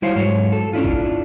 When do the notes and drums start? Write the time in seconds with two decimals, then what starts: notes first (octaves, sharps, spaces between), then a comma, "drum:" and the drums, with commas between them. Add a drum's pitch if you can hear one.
0.02 G3 E4 F#4 C5 C#5 F5
0.16 G#2 F#3 C#5
0.52 A4
0.73 C#4 D4 E4 F4
0.84 drum: kick A1